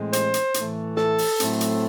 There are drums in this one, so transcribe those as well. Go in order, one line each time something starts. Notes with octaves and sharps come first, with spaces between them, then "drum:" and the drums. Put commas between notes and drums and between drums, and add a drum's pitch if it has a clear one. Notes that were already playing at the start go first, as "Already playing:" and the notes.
Already playing: A2 E3 G#3 C4
C5, drum: hi-hat
drum: hi-hat
A2 E3 A3, drum: hi-hat
A4, drum: snare
drum: open hi-hat
A2 F#3 A3 C4, drum: hi-hat
drum: hi-hat